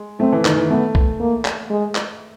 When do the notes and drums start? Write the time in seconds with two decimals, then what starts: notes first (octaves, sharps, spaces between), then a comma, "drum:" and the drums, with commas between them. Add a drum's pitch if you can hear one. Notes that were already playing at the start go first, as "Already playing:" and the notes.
Already playing: G#3
0.20 A3 C4
0.32 E3
0.45 D#3, drum: clap
0.58 E3
0.70 A3 B3
0.95 drum: kick B1
1.20 A#3
1.45 drum: clap
1.70 G#3
1.95 drum: clap